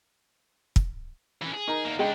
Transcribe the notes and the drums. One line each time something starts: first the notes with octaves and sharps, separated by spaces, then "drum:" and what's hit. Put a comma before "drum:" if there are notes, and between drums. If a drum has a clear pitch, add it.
drum: kick
E3 C#4
G#4
D#4 A#4
E2 A#3
C#3 G#3 D4 D#5 G5